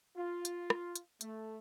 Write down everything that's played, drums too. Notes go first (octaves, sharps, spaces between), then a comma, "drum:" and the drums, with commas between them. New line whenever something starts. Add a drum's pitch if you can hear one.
F4
drum: hi-hat
drum: rim click
drum: hi-hat
A3, drum: hi-hat